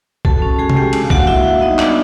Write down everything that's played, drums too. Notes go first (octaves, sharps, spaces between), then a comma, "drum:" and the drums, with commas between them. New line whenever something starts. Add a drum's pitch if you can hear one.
F#4 A4 A5, drum: kick B1
C#4
G#3 G#4 G#5
G#5, drum: tom C3
G#3 G4 G5
D4, drum: cymbal
F5
A#3 F#4 F#5, drum: kick B1
E4 F#4 E5
G3
B3 D#4 D#5
B3 D4 D5, drum: clap